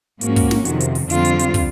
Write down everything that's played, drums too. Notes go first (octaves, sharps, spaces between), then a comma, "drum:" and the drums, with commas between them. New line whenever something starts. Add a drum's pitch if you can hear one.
G#2 F3 A#3 C#4 F#4, drum: hi-hat
drum: kick, open hi-hat
drum: snare
F2 C3 D#3, drum: hi-hat
drum: hi-hat
drum: open hi-hat
F2 D3 G3 C4 F4, drum: hi-hat
drum: hi-hat
drum: hi-hat
drum: kick, open hi-hat